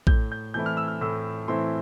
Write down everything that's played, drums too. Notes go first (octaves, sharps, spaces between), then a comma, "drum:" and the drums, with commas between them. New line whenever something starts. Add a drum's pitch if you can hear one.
A2 G6, drum: kick A#1
G6
E3 A3 C4 E4 G6
F6
E6
F6
A2 E6
E3 A3 C4 E4 C6